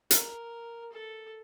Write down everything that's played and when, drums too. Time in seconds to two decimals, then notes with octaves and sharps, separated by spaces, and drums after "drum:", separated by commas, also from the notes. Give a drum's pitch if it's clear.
0.11 A#4, drum: hi-hat
0.92 A4